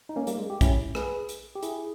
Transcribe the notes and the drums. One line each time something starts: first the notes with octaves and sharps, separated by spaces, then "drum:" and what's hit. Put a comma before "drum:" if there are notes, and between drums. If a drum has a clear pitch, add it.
D#4
A#3 C#4
G3 A#3, drum: hi-hat
G#3
G4
C#4 E4, drum: kick, hi-hat
G#4 B4, drum: rim click
drum: hi-hat
G4
E4 G#4, drum: hi-hat